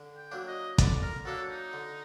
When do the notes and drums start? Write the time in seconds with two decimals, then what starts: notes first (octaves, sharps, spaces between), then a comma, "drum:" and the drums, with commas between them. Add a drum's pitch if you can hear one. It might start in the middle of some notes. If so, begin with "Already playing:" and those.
Already playing: D3
0.16 G5
0.32 F#3 A#3 D4
0.48 D#5
0.78 D3 D5, drum: kick, hi-hat
1.02 A#4
1.25 F#3 A#3 D4 A4
1.50 D#4
1.73 D3